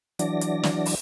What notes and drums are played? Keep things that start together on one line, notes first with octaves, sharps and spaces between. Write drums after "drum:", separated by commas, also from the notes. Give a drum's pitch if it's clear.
E3 F#3 D4 D5 A#6, drum: hi-hat
drum: hi-hat
drum: snare
drum: open hi-hat